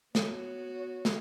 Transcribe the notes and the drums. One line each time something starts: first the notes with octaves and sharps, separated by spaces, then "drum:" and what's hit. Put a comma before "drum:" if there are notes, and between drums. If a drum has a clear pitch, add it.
B3 F#4 C#5, drum: snare
drum: snare